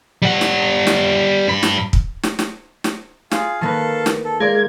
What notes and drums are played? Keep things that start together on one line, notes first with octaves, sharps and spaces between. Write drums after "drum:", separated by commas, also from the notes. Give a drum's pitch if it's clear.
G3 F#5
drum: snare
drum: snare
G2 B5
drum: snare
drum: kick
drum: snare
drum: snare
drum: snare
F4 G#4 F5, drum: snare
D#3 A#3 A4 B4 F5 A5
drum: snare
A4
G#3 F4 A#4 D5 G#6